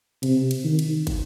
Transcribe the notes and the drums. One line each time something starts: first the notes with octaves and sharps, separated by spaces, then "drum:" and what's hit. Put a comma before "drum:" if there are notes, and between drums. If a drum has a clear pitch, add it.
C3, drum: cymbal
drum: cymbal
D#3
drum: cymbal
drum: kick, cymbal